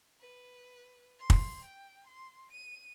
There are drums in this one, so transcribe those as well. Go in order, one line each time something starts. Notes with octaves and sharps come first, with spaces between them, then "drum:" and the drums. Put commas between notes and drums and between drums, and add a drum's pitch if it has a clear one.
B4
C6
drum: kick
G5
C6
D#7